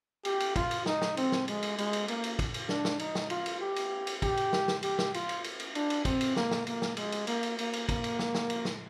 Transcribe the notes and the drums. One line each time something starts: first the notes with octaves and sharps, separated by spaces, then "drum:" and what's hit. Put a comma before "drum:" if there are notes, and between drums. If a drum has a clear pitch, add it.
G4, drum: cymbal
drum: cymbal
F4, drum: kick, cymbal
drum: cymbal
D#4, drum: snare
drum: snare
C4, drum: cymbal
drum: snare
G#3, drum: cymbal
drum: cymbal
G#3, drum: cymbal
drum: cymbal
A#3, drum: cymbal
drum: cymbal
drum: kick, cymbal
drum: cymbal
D4, drum: snare
drum: snare
D#4, drum: cymbal
drum: snare
F4, drum: cymbal
drum: cymbal
G4
drum: cymbal
drum: cymbal
G4, drum: kick, cymbal
drum: cymbal
drum: snare
drum: snare
G4, drum: cymbal
drum: snare
F4, drum: cymbal
drum: cymbal
drum: cymbal
drum: cymbal
D4, drum: cymbal
drum: cymbal
C4, drum: kick, cymbal
drum: cymbal
A#3, drum: snare
drum: snare
A#3, drum: cymbal
drum: snare
G#3, drum: cymbal
drum: cymbal
A#3, drum: cymbal
drum: cymbal
A#3, drum: cymbal
drum: cymbal
A#3, drum: kick, cymbal
drum: cymbal
drum: snare
drum: snare
drum: cymbal
drum: snare